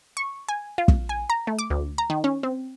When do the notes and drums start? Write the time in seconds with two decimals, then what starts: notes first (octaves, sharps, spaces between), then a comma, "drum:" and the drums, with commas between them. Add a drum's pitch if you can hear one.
0.17 C#6
0.49 G#5
0.78 F4
0.88 drum: kick
1.09 G#5
1.30 A#5
1.47 A3
1.59 D6
1.70 D2
1.98 A#5
2.10 D#3
2.24 C#4
2.43 C4